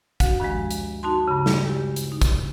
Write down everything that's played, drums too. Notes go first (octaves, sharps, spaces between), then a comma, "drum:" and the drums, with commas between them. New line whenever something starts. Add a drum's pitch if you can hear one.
D2 F#4, drum: kick, hi-hat
G2 D#3 F3 G#3
drum: hi-hat
D#4 F#4 A5 C6
G2 C#3
drum: snare
G#3 E4 G4
drum: hi-hat
D#4
drum: kick, hi-hat